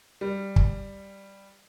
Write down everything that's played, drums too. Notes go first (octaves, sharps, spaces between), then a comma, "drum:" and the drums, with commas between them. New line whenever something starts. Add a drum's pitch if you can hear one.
G3
drum: kick